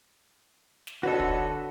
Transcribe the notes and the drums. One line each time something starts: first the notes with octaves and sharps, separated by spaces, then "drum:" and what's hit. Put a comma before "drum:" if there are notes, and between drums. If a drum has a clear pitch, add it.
drum: snare
D3 F#4 A4 B4 C#5 D#5
drum: kick